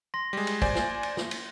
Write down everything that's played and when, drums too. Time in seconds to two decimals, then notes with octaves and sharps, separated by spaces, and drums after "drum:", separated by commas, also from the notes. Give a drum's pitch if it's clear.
0.14 C6 A#6
0.33 G3 G#3
0.47 drum: cymbal
0.62 C5 D5 G#5, drum: kick
0.75 drum: snare
1.03 drum: cymbal
1.17 drum: snare
1.31 drum: cymbal